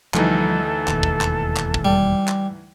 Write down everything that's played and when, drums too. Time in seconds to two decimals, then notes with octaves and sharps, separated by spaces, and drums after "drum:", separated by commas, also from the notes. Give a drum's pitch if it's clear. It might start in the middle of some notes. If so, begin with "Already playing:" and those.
0.14 D2 E3 F3 G3 D#4 A4, drum: clap
0.88 E1 D#2, drum: clap
1.03 drum: kick
1.21 drum: clap
1.57 drum: clap
1.74 drum: kick
1.85 G3
2.28 drum: clap